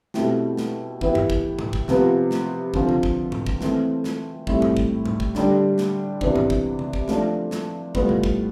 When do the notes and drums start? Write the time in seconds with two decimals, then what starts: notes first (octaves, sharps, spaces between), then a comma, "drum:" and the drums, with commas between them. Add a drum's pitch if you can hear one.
0.14 B2 A3 C4 E4 G4, drum: snare
0.57 drum: snare
1.01 E3 B3 E4 G4, drum: kick
1.15 drum: tom G2
1.30 drum: kick
1.59 drum: tom G#2
1.73 drum: kick
1.88 C3 F3 B3 F4, drum: snare
2.31 drum: snare
2.74 D3 F3 C4 F4, drum: kick
2.89 drum: tom C3
3.03 drum: kick
3.32 drum: tom G#2
3.46 drum: kick
3.61 E3 A3 C4, drum: snare
4.04 drum: snare
4.47 A2 G3 C4 E4 G4, drum: kick
4.62 drum: tom G#2
4.77 drum: kick
5.06 drum: tom G#2
5.20 drum: kick
5.35 D3 G3 D4 G4, drum: snare
5.78 drum: snare
6.21 C3 E3 B3 D4, drum: kick
6.36 drum: tom G#2
6.50 drum: kick
6.79 drum: tom C3
6.93 drum: kick
7.08 F3 A3 D4, drum: snare
7.51 drum: snare
7.95 A2 G3 B3 F4, drum: kick
8.09 drum: tom C3
8.24 drum: kick